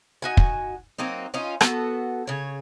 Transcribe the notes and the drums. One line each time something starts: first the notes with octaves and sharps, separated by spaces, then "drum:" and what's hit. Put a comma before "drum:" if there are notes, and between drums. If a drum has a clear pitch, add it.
D#4 F#4 G#5
drum: kick
F#3 A#3 C4 D#4
C#4 D#4 F4
B3 F#4 A4, drum: rim click
C#3 C#5